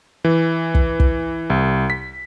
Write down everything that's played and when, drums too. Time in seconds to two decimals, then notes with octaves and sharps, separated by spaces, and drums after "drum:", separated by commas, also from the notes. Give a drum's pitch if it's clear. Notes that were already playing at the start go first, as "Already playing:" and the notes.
0.25 E3
0.75 drum: kick
1.00 drum: kick
1.50 C2
1.90 B6